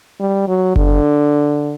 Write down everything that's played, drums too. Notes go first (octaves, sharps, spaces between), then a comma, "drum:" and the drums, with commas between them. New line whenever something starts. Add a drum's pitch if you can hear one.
G3
F#3
D3, drum: kick F#1